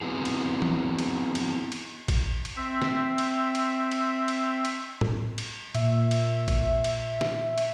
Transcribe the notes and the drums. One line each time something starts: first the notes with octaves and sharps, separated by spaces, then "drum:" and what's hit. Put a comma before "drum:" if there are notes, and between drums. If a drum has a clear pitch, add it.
B3 C4 E4 F#4 G#4
drum: cymbal
drum: tom E3
drum: cymbal
drum: cymbal
drum: cymbal
drum: kick, cymbal
drum: cymbal
C4 E5
drum: snare
drum: cymbal
drum: cymbal
drum: cymbal
drum: cymbal
drum: cymbal
drum: tom
drum: cymbal
A#2 E5, drum: cymbal
drum: cymbal
drum: kick, cymbal
drum: cymbal
drum: snare
drum: cymbal